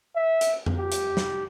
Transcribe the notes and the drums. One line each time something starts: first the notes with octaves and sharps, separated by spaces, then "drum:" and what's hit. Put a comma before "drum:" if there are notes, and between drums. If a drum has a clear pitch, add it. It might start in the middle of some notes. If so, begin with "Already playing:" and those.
E5
drum: hi-hat
drum: tom F2
G4
drum: hi-hat
drum: snare